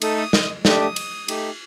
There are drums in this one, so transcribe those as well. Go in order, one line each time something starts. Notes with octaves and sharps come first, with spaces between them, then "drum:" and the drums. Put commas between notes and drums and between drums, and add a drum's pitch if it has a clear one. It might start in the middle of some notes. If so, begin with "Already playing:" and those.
A3 D#4 A4 D#6, drum: cymbal
D#6
drum: snare
A3 D4 G4 D#6, drum: snare
D#6
drum: cymbal
A3 D#4 G4, drum: cymbal